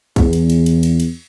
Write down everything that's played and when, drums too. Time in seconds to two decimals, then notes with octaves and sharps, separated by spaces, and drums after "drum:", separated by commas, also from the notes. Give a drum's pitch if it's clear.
0.16 E2, drum: kick A1, cymbal
0.33 drum: cymbal
0.50 drum: cymbal
0.66 drum: cymbal
0.83 drum: cymbal
1.00 drum: cymbal